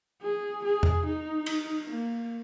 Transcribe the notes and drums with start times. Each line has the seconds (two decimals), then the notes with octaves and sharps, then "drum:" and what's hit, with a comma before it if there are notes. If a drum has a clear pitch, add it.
0.22 G#4
0.64 G#4
0.83 drum: tom E2
1.06 D#4
1.46 drum: cymbal
1.90 A#3